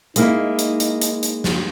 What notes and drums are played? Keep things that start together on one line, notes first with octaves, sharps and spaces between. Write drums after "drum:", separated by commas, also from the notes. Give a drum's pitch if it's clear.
G#3 A#3 D#4 E4, drum: hi-hat
drum: hi-hat
drum: hi-hat
drum: hi-hat
drum: hi-hat
drum: snare